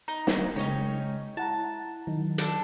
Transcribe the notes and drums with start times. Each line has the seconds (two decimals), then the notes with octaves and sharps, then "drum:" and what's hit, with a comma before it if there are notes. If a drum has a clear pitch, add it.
0.08 D#4 A#5
0.27 drum: snare
0.56 C#3 G#3 C#4 D#4 C#5 G5
1.37 E4 F#5 A5 A#5
2.07 D#3 F#3 D#4
2.38 D4 A4, drum: hi-hat